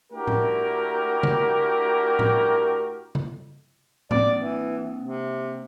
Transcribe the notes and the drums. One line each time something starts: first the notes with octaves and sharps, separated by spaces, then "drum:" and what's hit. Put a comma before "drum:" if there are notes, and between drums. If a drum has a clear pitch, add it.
A3 D4 E4 F#4 G4 A#4
drum: tom A2
drum: tom C#3
drum: tom A2
drum: tom C#3
A#3 C4 D5, drum: tom A2
E3
C3